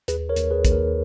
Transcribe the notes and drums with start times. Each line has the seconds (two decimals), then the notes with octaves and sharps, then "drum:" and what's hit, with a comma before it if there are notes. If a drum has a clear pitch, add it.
0.08 D#2 G#4 B4, drum: hi-hat
0.29 A#4 C#5
0.36 D#2, drum: hi-hat
0.51 G#4 B4
0.65 D#2, drum: kick A#1, hi-hat
0.72 A#4